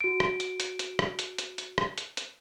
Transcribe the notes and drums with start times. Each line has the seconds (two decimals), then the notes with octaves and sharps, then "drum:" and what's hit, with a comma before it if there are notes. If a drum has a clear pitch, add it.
0.01 F#4 D7
0.20 drum: rim click
0.40 drum: hi-hat
0.60 drum: hi-hat
0.79 drum: hi-hat
0.99 drum: rim click
1.19 drum: hi-hat
1.38 drum: hi-hat
1.58 drum: hi-hat
1.78 drum: rim click
1.98 drum: hi-hat
2.17 drum: hi-hat